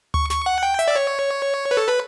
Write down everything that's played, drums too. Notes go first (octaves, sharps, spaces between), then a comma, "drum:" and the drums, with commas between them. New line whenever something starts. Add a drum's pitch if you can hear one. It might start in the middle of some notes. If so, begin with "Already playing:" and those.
C#6, drum: tom D2
C#6, drum: snare
F#5
G5
E5, drum: hi-hat
D5
C#5
B4
A4
B4